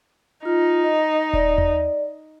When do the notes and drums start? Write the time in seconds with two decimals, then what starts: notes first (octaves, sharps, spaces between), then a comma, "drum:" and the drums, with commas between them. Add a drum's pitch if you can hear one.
0.45 D#4 F4
0.84 D#5
1.33 D5, drum: kick D#1
1.58 drum: tom D#2